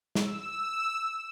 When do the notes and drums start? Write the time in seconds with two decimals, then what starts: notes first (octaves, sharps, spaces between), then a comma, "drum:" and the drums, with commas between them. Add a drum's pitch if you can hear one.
0.15 E6, drum: snare